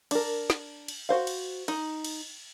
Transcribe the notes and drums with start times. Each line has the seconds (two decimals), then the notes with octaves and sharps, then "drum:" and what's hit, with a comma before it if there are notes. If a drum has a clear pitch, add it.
0.11 D4 A#4, drum: cymbal
0.50 drum: snare
0.88 drum: cymbal
1.09 F#4 C5 F5
1.27 drum: cymbal
1.68 D#4, drum: cymbal
2.04 drum: cymbal